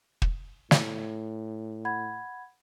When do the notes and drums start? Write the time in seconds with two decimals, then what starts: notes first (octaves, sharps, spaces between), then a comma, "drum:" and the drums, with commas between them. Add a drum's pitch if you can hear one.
0.22 drum: kick
0.71 A2, drum: snare
1.85 F#5 B5 G#6